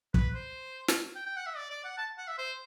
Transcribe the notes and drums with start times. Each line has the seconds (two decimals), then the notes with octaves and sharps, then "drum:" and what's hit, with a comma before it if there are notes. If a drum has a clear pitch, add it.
0.14 B4, drum: kick
0.35 C5
0.88 drum: snare
1.16 G5
1.26 G5
1.37 F#5
1.47 E5
1.57 D5
1.70 D5
1.84 F#5
1.98 A5
2.18 F#5
2.28 E5
2.38 C5